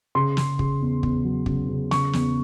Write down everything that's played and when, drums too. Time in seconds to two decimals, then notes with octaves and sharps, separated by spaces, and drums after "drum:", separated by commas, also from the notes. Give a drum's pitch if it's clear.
0.15 C#3 C6
0.37 C#3, drum: snare
0.59 C#3, drum: kick
0.81 E2
1.03 E2, drum: kick
1.24 F#3
1.46 C#3, drum: kick
1.68 C#3
1.91 C#3 C#6, drum: snare
2.13 E2, drum: snare